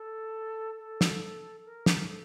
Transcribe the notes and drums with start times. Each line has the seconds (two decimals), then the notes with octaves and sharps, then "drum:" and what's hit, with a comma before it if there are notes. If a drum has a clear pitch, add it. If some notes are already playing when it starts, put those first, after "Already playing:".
Already playing: A4
0.79 A4
1.01 drum: snare
1.65 A#4
1.86 drum: snare
2.08 A4